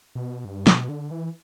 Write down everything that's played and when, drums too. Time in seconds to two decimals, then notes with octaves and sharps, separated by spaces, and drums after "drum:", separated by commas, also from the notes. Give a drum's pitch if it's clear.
0.15 B2
0.45 G2
0.67 B2, drum: snare
0.89 D3
1.11 E3